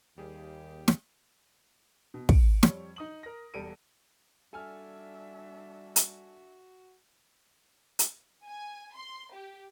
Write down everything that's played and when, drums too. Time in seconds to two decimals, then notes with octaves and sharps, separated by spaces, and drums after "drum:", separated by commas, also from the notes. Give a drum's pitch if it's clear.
0.18 D#2 G3 G4 G#4
0.88 drum: snare
2.14 B2
2.29 C#7 D7, drum: kick
2.63 F2 G3 C#5, drum: snare
2.96 D#4 D#6 F#7
3.23 A#4 A#6
3.54 E1 E2 G3 A4 D7 D#7
4.53 G3 D4 F#4 A4 E5 G#5 F6
5.96 drum: hi-hat
7.99 drum: hi-hat
8.45 G#5
8.94 C6
9.31 G4